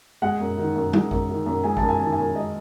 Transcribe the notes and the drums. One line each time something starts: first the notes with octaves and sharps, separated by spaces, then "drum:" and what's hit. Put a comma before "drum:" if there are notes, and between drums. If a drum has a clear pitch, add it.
G#3 F#5
F#2
D#3
F#2
G#3, drum: tom
F#2, drum: kick
D#3
F#2
G#3 G#5
A5, drum: kick
F#2
G#5
D#3 A5
G#5
F#2
G#3 D#5